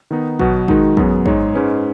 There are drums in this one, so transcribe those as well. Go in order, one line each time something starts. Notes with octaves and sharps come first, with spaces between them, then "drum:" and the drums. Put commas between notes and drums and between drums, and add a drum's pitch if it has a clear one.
D#3 B3 D#4
B2 F#3 B3 F#4, drum: kick
D#3 G#3 D#4 F#4, drum: kick
F#2 F#3 B3 G#4, drum: kick
G#2 G#3 D#4 G#4 C#5, drum: kick
G#2 G#3 C#4 B4